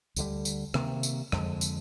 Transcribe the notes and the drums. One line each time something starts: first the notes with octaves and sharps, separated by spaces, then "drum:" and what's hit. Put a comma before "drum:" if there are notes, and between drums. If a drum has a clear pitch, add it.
D2 D3 G3, drum: tambourine
drum: tambourine
C3 D#3 A#3, drum: rim click
drum: tambourine
F2 D3 G#3, drum: rim click
drum: tambourine